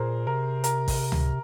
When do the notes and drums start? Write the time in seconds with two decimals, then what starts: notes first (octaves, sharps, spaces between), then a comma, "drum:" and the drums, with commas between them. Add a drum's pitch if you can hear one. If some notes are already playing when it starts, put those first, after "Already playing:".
Already playing: A#2 G#4 A#4 C5
0.27 C3 A#4
0.64 A#4, drum: hi-hat
0.88 drum: kick A1, open hi-hat
1.12 drum: tom